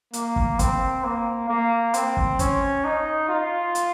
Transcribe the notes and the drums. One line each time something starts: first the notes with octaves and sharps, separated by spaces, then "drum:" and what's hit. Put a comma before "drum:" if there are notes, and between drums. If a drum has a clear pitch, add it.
A#3, drum: hi-hat
drum: kick
C4, drum: kick, hi-hat
A#3
A#3
C4, drum: hi-hat
drum: kick
C#4, drum: kick, hi-hat
D#4
F4
drum: hi-hat